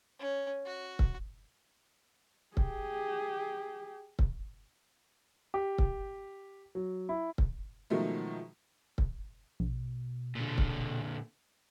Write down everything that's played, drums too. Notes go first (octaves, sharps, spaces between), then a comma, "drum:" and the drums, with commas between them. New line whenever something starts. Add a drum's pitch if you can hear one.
C#4
F#4
drum: kick C#1
G4 G#4, drum: kick C#1
drum: kick C#1
G4
drum: kick C#1
F#3
E4
drum: kick C#1
B2 D#3 F3 F#3 G#3 A3
drum: kick C#1
A#1 B2
A#2 D3
drum: kick C#1